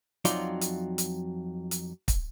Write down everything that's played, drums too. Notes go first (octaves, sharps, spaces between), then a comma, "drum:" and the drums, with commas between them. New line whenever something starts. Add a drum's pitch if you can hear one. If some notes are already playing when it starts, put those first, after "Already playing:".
F2 F#3 D#4 F4 D5 C6, drum: hi-hat
drum: hi-hat
drum: hi-hat
drum: hi-hat
drum: kick, hi-hat